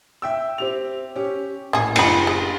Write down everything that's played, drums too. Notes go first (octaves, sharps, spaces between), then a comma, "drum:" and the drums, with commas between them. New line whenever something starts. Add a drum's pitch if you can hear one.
E5 G5 E6
C4 G4 F7
C#4 G4
A1 A#3 G#4
F#1 G3 D#4 B5, drum: cymbal
G#4